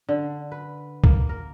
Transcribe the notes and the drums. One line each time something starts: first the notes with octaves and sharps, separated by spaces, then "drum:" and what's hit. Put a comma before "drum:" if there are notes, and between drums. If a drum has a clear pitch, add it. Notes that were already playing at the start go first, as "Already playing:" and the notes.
D3
B4
A#3, drum: kick
A#4